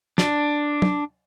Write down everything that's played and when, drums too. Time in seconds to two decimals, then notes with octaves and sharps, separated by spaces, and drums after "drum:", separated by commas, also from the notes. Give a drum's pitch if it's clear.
0.18 D4, drum: snare
0.82 drum: tom